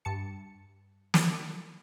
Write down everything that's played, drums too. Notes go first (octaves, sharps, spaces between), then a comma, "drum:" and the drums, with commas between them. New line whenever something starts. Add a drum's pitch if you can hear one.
G2 A5 C#7
drum: snare